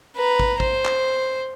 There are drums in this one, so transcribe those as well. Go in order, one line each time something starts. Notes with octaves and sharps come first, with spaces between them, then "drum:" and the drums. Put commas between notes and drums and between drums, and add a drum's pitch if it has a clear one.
B4 A#5
drum: kick
C5, drum: kick
drum: clap